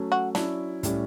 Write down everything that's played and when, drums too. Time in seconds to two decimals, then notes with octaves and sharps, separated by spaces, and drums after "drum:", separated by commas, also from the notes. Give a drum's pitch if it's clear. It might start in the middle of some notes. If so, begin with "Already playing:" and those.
Already playing: F#3 A3 C#4
0.12 F#4
0.35 F#3 C#4 D4 E4, drum: snare
0.83 A2 G3 C#4, drum: kick, hi-hat